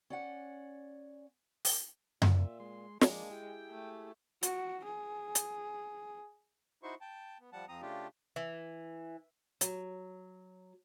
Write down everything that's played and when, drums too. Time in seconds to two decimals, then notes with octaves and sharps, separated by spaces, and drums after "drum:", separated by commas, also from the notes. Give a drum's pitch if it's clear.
0.10 C#4 D5 F#5
1.65 drum: open hi-hat
2.22 A#2 E5, drum: tom F#2
2.60 G#3 C6
3.01 F3 G#3 A#3 D4 D5, drum: snare
3.30 E4 G4 G#4 G5
3.70 A3
4.43 F#4, drum: hi-hat
4.85 G#4
5.35 drum: hi-hat
6.83 D#4 E4 F#4 C5 C#6
7.01 G5 A5
7.40 B3
7.53 F3 G3 F#5 A5
7.68 F2 F3 C4 A#5 D#6
7.82 C#3 A3 D4 F4 G4
8.36 E3
9.61 F#3, drum: hi-hat